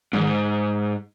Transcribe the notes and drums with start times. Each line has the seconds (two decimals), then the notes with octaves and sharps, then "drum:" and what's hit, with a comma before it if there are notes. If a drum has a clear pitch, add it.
0.13 G#2, drum: tom D3